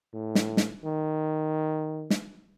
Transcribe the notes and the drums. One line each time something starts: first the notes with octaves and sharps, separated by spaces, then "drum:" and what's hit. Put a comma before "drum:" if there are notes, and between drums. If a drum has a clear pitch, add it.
A2
drum: snare
drum: snare
D#3
drum: snare